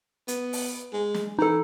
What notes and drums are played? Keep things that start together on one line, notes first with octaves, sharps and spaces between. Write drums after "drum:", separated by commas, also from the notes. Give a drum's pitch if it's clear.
B3, drum: hi-hat
drum: open hi-hat
G#3
drum: snare
E3 D#4 A4